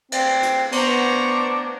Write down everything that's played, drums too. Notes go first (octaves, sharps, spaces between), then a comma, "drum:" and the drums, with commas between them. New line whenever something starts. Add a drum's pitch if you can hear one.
C4, drum: cymbal
drum: hi-hat
B3 D4 C5 A#5 C#6, drum: cymbal